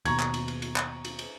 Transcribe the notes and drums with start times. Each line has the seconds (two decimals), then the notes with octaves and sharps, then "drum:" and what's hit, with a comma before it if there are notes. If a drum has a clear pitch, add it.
0.05 D#2 B2 A#5 C#6 G#6, drum: cymbal
0.20 drum: clap
0.34 drum: cymbal
0.48 drum: cymbal
0.62 drum: cymbal
0.76 drum: clap
1.05 drum: cymbal
1.19 drum: cymbal